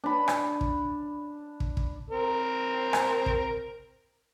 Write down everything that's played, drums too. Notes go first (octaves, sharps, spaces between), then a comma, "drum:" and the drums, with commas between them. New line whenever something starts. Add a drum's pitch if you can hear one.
D4 B5
drum: rim click
drum: kick
drum: kick
drum: kick
C4 A#4
drum: rim click
drum: kick